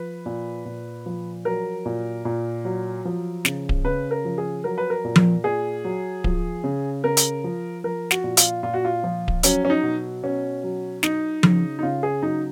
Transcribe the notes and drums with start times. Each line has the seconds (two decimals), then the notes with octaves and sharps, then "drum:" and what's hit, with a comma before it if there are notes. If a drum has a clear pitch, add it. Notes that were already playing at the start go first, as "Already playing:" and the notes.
Already playing: F3 B4
0.26 A#2
0.65 A#2
1.06 F3
1.45 F#3 A#4
1.85 A#2
2.25 A#2
2.65 F#3
3.05 F3
3.45 C#3, drum: snare
3.69 drum: kick D1
3.85 C#3 B4
4.11 A#4
4.25 F3
4.38 G#4
4.64 F#3 A#4
4.78 B4
4.90 A#4
5.04 A#2
5.16 drum: tom F3
5.44 A#2 G#4
5.84 F#3
6.24 F3, drum: kick D1
6.64 C#3
7.04 C#3 A#4
7.17 drum: hi-hat
7.44 F3
7.84 F3 A#4
8.11 F#4, drum: snare
8.24 A#2
8.37 F4, drum: hi-hat
8.63 A#2 F4
8.74 F#4
8.85 F4
9.04 F3
9.28 drum: kick D1
9.43 F#3 C#4, drum: hi-hat
9.65 C#4
9.70 D#4
9.83 B2
10.23 B2 C#4
10.64 F#3
11.03 F#3 D#4, drum: snare
11.43 C#3, drum: tom F3
11.79 D#4
11.83 C#3 F4
12.03 G#4
12.22 F#3 D#4